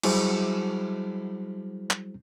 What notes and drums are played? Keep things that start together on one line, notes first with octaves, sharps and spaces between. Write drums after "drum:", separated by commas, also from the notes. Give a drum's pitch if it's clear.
F#3 G3 E4 F#4 G#4 C5, drum: cymbal
drum: clap